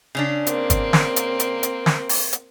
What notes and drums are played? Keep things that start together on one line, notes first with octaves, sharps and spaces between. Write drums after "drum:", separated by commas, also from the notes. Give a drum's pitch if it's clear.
C#3 C#4 D4
A#3 C4, drum: hi-hat
drum: kick G1, hi-hat
drum: snare
drum: hi-hat
drum: hi-hat
drum: hi-hat
drum: snare
drum: open hi-hat
drum: hi-hat